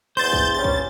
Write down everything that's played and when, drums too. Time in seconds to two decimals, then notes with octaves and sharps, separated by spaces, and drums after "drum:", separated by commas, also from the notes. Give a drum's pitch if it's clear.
0.17 E2 C5 G6 A6
0.33 drum: kick
0.55 G2 C#4 A6
0.64 drum: kick